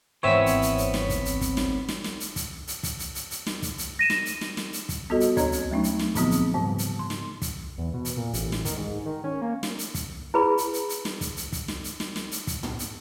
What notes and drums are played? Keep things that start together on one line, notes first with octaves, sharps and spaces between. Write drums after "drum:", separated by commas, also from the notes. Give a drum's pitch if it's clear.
G#1 E3 B3 C4 C#5 E5
drum: hi-hat
drum: hi-hat
drum: hi-hat
drum: snare
drum: kick, hi-hat
drum: hi-hat
drum: kick, hi-hat
drum: snare
drum: snare
drum: snare
drum: hi-hat
drum: kick, hi-hat
drum: hi-hat
drum: kick, hi-hat
drum: hi-hat
drum: hi-hat
drum: hi-hat
drum: snare
drum: kick, hi-hat
drum: hi-hat
A#6 D#7 E7
drum: snare
drum: hi-hat
drum: snare
drum: snare
drum: hi-hat
drum: kick, hi-hat
G3 B3 F4 F#4 A4 D#5
drum: hi-hat
D2 A#3 D4 C#5 A#5 G#6, drum: kick, hi-hat
drum: hi-hat
F#3 A3 C#4 D#4
drum: hi-hat
drum: snare
A#2 D3 F3 B3 C4 F4, drum: kick, hi-hat
drum: hi-hat
G#2 C#3 G3 C5
drum: hi-hat
C6
drum: snare
drum: kick, hi-hat
E2
B2
drum: hi-hat
A#2
A1, drum: hi-hat
drum: snare
D#3, drum: kick, hi-hat
G#2
D#3
C#4
A#3
drum: snare
drum: hi-hat
drum: kick, hi-hat
E4 G#4 B4 B5
drum: hi-hat
drum: hi-hat
drum: hi-hat
drum: snare
drum: kick, hi-hat
drum: hi-hat
drum: kick, hi-hat
drum: snare
drum: hi-hat
drum: snare
drum: snare
drum: hi-hat
drum: kick, hi-hat
drum: tom
drum: hi-hat